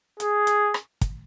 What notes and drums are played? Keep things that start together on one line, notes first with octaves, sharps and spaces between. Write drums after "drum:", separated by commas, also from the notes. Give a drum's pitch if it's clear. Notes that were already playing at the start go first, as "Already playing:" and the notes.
G#4, drum: hi-hat
drum: hi-hat
drum: rim click
drum: kick, hi-hat